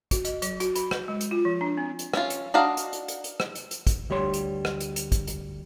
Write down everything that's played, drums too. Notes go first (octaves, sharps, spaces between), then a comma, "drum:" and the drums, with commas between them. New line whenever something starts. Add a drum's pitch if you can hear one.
F#4, drum: kick, hi-hat
D#5, drum: hi-hat
F#3, drum: hi-hat
F#4, drum: hi-hat
B5, drum: hi-hat
B4, drum: rim click
G#3
drum: hi-hat
F4
F3
D4
C4
drum: hi-hat
C#4 F4, drum: rim click
drum: hi-hat
D4 F#4 D#5 F5 A#5
drum: hi-hat
drum: hi-hat
drum: hi-hat
drum: hi-hat
drum: rim click
drum: hi-hat
drum: hi-hat
drum: kick, hi-hat
D2 G3 C#5 C6
drum: hi-hat
drum: rim click
drum: hi-hat
drum: hi-hat
drum: kick, hi-hat
drum: hi-hat